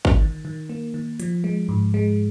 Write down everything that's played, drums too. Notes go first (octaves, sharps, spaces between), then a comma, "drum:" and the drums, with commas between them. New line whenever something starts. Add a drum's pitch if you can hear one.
drum: kick
D#3
D#3
A#3
D#3
F3, drum: hi-hat
G#3
G#2
G#3